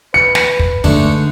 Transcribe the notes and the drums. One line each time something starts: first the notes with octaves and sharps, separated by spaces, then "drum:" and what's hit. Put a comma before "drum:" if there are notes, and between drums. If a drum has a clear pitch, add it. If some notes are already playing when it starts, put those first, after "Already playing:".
B4 C#7
drum: snare
drum: kick
D3 G#3 A3 D4 D#4, drum: kick